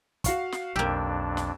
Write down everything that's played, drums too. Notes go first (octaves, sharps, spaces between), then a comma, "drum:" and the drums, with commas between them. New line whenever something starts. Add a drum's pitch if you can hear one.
F#4 F5 C#6, drum: kick, hi-hat
drum: snare
B1 F2 A#3 D4 G4 E6
drum: snare